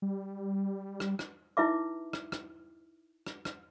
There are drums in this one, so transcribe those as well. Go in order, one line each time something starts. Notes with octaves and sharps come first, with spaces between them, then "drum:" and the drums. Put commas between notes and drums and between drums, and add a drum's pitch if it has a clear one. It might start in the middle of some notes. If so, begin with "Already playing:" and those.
G3
drum: rim click
drum: rim click
D#4 E4 B4 E5 D6
drum: rim click
drum: rim click
drum: rim click
drum: rim click